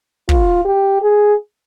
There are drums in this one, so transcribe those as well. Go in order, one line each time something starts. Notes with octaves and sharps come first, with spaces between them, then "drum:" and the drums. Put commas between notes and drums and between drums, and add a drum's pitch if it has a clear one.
F4, drum: kick
G4
G#4